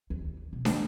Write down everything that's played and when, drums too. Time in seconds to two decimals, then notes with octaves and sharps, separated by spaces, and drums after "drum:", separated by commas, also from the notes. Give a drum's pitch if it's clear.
0.10 D#2
0.53 B2
0.65 drum: snare